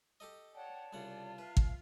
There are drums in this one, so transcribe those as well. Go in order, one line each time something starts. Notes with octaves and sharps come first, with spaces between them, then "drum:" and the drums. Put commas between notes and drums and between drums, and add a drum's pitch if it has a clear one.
G4 A4 D#5
C#5 D5 F#5 G5 A5
C2 C#3 F4 F#5
B4 E5 F5 F6
drum: kick